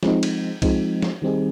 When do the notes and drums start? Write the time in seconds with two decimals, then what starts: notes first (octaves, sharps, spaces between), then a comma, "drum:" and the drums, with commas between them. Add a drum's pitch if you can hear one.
0.03 F3 G#3 C4 D#4, drum: snare
0.23 drum: cymbal
0.62 F3 G#3 C4 D#4, drum: kick B1, cymbal
1.02 drum: snare
1.22 D#3 G3 C4 D#4 G#4